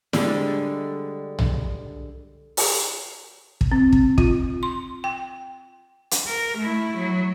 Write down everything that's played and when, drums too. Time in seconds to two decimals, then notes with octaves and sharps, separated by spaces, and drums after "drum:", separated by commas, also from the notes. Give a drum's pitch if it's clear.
0.13 D3 G3 G#3, drum: snare E4
1.39 drum: tom B1
2.57 drum: open hi-hat
3.61 drum: kick
3.72 C4
3.92 drum: kick
4.18 F4, drum: kick
4.63 C6
5.04 G5
6.11 drum: hi-hat
6.27 A#4
6.59 A3 E4
6.98 F#3